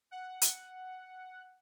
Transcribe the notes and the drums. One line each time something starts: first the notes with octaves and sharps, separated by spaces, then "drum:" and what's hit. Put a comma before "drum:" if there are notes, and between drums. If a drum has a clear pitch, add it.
F#5
drum: hi-hat